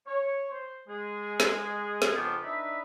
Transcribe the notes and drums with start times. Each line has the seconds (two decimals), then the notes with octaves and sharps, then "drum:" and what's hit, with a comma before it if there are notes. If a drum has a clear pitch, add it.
0.07 C#5
0.51 C5
0.88 G#3 G#4
1.40 drum: snare
2.02 drum: snare
2.14 F2 C#3 B3 D4 F4 G5
2.43 D4 D#4 B4 E5 B5